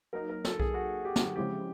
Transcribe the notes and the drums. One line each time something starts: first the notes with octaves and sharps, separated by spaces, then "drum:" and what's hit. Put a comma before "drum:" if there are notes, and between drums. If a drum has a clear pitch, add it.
F#3 A#3 D#4 A#4
A#4
A4, drum: snare
G#4, drum: kick B1
F#4
G4
drum: snare
C#3 F3 G#3 C4 E4 G4